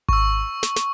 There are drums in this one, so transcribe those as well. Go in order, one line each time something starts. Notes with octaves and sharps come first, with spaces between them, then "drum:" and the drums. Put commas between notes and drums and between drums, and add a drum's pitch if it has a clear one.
C#6 E6, drum: kick G#1
drum: snare
drum: snare